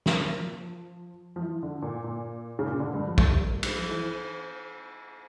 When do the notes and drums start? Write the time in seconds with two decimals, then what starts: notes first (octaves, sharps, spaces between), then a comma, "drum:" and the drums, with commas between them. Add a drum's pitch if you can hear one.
0.06 drum: snare
0.17 A#3
0.37 F3
1.36 F3
1.42 E3
1.63 D3
1.82 A#2
2.04 A#2
2.59 C#3
2.66 A#2
2.79 D3
2.94 G2
3.07 F3
3.18 F3, drum: kick
3.28 G3
3.39 A3
3.49 A#3
3.63 G3, drum: cymbal
3.77 F3
3.91 E3